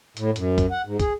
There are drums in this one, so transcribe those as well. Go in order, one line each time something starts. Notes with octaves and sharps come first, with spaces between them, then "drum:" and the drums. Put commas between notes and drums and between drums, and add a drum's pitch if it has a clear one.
A2, drum: hi-hat
F#2, drum: hi-hat
drum: kick, hi-hat
F#5
G#2
G#4, drum: kick, hi-hat